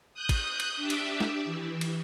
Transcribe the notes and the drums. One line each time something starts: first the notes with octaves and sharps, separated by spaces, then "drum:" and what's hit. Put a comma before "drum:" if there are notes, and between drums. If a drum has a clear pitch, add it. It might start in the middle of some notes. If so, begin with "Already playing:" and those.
D#6 F#6 G6
drum: kick, cymbal
drum: cymbal
D4 G4 D5 E5
drum: cymbal
drum: snare
E3
drum: cymbal